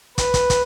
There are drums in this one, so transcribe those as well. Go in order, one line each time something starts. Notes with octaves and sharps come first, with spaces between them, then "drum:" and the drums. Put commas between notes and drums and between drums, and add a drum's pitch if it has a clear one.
B4, drum: kick, hi-hat
drum: kick, hi-hat
drum: kick, hi-hat